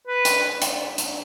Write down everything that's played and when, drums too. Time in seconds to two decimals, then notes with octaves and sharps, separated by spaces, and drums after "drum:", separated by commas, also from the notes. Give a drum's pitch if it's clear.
0.07 B4
0.25 drum: hi-hat
0.62 drum: hi-hat
0.98 drum: hi-hat